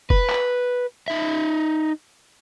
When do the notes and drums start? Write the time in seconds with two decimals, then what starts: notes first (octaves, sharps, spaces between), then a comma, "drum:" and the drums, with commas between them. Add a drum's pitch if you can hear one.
0.10 B4, drum: kick
0.30 drum: clap
1.08 D#4 E5